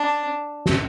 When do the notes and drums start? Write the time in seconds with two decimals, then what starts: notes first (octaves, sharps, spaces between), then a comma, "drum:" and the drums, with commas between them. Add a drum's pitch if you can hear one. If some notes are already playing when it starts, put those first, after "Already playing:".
Already playing: D4
0.66 drum: snare